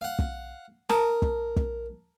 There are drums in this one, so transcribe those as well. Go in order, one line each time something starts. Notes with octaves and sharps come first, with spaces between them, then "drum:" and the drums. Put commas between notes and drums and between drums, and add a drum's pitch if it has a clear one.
F5 F#5
drum: kick
A#4 A5 A#5 D#6, drum: snare
drum: kick
drum: kick